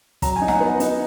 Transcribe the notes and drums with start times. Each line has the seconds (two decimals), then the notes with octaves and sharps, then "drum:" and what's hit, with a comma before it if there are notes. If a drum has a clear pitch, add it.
0.22 F#3 A#5, drum: kick, hi-hat
0.36 G#5
0.41 D#4
0.48 F#5 A#5, drum: snare
0.60 B3
0.80 D#4, drum: hi-hat